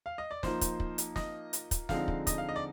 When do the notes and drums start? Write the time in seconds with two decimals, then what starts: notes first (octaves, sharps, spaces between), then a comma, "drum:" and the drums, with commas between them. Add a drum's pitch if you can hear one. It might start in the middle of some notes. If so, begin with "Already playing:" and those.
0.06 F5
0.18 D#5
0.31 D5
0.43 F3 A#3 D#4 C5, drum: snare
0.61 drum: kick, hi-hat
0.80 drum: kick
0.98 drum: hi-hat
1.16 D#5, drum: snare
1.53 drum: hi-hat
1.71 drum: kick, hi-hat
1.89 D3 F3 G#3 C4 D#4 F5, drum: snare
2.08 drum: kick
2.27 D#5, drum: kick, hi-hat
2.38 F5
2.49 D#5
2.56 D5